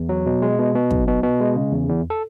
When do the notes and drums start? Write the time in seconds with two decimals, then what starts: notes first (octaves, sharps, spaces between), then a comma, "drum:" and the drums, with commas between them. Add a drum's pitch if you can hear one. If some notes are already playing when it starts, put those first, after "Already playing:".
Already playing: E2
0.09 F#3
0.26 B2
0.42 G#3
0.59 B2
0.75 B2
0.91 B1, drum: kick
1.07 B2
1.23 B2
1.41 G#3
1.56 C#3
1.72 E2
1.89 E2
2.10 A4